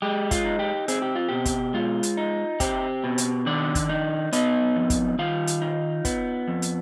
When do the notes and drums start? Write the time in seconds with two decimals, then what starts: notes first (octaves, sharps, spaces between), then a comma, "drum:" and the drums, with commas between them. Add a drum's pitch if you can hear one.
0.02 G#3 G4
0.31 F4, drum: kick, hi-hat
0.45 D#4
0.59 G4
0.88 C4 G#4, drum: hi-hat
1.02 G4
1.15 F4
1.29 B2 G4
1.45 drum: kick, hi-hat
1.74 G#3 F4
2.03 drum: hi-hat
2.17 D#4
2.60 C4 G4, drum: kick, hi-hat
3.04 B2
3.18 drum: hi-hat
3.46 D#3 D4 D5
3.75 drum: kick, hi-hat
3.89 D#4
4.33 B3 D#4 D#5, drum: hi-hat
4.76 F2
4.90 drum: kick, hi-hat
5.19 D#3 F4 F5
5.47 drum: hi-hat
5.62 D#4
6.05 B3, drum: kick, hi-hat
6.48 F2
6.62 drum: hi-hat